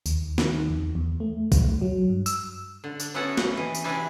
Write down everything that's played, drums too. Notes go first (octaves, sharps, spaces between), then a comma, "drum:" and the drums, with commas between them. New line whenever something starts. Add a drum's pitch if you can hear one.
D#2, drum: tambourine
D#3, drum: snare
E2
E2
A3
drum: kick, tambourine
F#3
G2
E6, drum: tambourine
D3
D4, drum: tambourine
B3 C#4 E4 F#4 A4 F#5
drum: snare
E3 D#5
drum: tambourine
C3 E3 D4 E4 G4 G#5